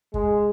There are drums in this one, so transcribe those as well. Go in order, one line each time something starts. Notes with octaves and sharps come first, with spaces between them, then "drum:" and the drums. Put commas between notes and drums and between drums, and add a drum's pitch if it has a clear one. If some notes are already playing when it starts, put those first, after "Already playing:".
G#3, drum: kick